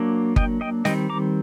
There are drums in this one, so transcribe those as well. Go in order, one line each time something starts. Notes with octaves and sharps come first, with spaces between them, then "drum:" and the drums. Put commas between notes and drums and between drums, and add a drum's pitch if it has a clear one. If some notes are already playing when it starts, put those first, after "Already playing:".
Already playing: F#3 A#3 D4
D#5 G5, drum: kick G1
D#5 G5
D#3 G3 C4 D#5 G5, drum: snare
A#5 D6